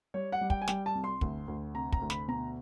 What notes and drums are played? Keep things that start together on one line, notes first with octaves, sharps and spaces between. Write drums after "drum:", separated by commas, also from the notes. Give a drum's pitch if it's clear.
G3 C#5
F#5
G3
G5, drum: kick
G#5
G3 G5, drum: snare
A5
C2
C6
D2, drum: kick
D2
C3 A#5
A#5, drum: kick
D2
B5, drum: snare
B2 A#5